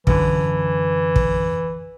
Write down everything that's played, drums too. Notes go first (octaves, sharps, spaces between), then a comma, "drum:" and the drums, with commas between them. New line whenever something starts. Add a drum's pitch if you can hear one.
F#2 D3 E3, drum: kick
drum: kick